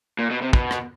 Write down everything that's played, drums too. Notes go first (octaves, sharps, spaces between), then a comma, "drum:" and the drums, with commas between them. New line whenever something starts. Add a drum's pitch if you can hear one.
A#2
B2
C3
B2, drum: kick
drum: rim click